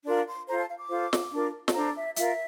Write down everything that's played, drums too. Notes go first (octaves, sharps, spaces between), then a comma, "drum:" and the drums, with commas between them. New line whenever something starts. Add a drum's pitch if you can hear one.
D4 F4 A#4 C6
C6
F4 A4 C5 A#5
A5
F5
D6
F4 A4 C5
drum: snare
D4 F4 A#4
A5, drum: snare
D4 A4 C5 A#5
E5
F4 A#4 E5, drum: hi-hat